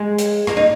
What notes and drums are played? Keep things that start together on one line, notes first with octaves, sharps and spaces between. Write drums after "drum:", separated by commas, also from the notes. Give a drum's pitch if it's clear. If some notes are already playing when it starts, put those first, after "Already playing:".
Already playing: G#3
drum: hi-hat
A#3, drum: rim click
D#4